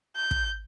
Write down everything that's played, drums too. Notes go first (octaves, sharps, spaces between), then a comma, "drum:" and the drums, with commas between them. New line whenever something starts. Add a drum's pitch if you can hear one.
G6
drum: kick